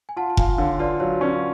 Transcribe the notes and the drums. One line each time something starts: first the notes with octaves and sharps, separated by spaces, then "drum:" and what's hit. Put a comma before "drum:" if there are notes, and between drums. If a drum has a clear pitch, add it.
G#5
F4 F#5 A5
A5
F4 F5 G#5, drum: kick F1
D3 C#5 F5
F4 B4 D5
F#3 C#5
C#4 B4 D5